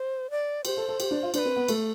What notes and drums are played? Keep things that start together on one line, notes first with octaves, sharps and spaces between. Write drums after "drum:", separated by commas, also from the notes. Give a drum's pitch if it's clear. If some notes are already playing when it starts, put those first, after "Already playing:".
Already playing: C5
D5
G4 C5, drum: cymbal
A4
A4
G4, drum: cymbal
D4
F4
D4 C5, drum: cymbal
B4
C4
B3
A3, drum: cymbal